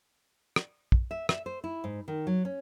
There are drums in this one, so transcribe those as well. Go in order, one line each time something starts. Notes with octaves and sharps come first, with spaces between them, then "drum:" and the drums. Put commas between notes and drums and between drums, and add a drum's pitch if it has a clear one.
drum: rim click
drum: kick
E5
E5, drum: rim click
C5
E4
G#2
D#3
F#3
C#4